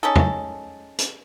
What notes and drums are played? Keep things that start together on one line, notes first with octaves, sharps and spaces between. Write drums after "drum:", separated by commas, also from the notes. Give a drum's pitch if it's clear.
C#4 D#4 G#4 A4
drum: tom E2
drum: hi-hat